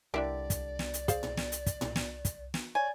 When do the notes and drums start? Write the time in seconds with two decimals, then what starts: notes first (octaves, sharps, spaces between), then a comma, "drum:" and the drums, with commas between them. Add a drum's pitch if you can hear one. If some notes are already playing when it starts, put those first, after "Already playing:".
0.14 C2 D3 D4 E4 G4 A#4 D5
0.50 drum: kick, hi-hat
0.79 drum: snare
0.94 drum: hi-hat
1.08 G#4 C5 F5, drum: kick, hi-hat
1.23 drum: tom A2
1.37 drum: snare
1.52 drum: hi-hat
1.66 drum: kick, hi-hat
1.81 drum: tom A2
1.96 drum: snare
2.25 drum: kick, hi-hat
2.54 drum: snare
2.75 C#5 D5 G#5